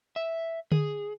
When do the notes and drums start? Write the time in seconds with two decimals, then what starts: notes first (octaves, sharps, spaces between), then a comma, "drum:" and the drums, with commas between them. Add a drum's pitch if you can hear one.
0.16 E5
0.72 G#4, drum: tom D3